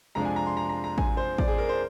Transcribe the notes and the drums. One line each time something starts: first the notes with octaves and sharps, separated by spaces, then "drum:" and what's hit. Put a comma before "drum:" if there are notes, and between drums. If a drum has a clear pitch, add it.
F2 C3 F3 G#3 D4 A#5
G#5
A#5
C6
A#5
A#5
A#5
G#5, drum: kick A1
C5
D5, drum: kick A1
G#4
A#4
C5